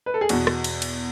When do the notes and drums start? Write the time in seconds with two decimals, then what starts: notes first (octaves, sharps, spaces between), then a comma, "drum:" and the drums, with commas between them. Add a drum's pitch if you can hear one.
0.06 B4
0.14 A4
0.21 G#4
0.29 E2 B2 F#4, drum: cymbal
0.47 drum: rim click
0.64 drum: cymbal
0.82 drum: cymbal